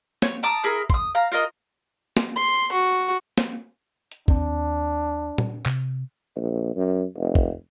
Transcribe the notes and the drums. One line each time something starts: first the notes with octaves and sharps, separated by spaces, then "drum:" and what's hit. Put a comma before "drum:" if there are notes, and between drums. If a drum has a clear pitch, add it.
C#5, drum: snare
A5 A#5 D6 D#6
E4 G#4 A#4
C6 D#6, drum: kick
F5 A#5
F4 A#4 D#5
drum: snare
C6
F#4
drum: snare
drum: hi-hat
D#2 C4 D4, drum: kick
drum: tom A#2
C3, drum: clap
A#1
F#2
F1
drum: kick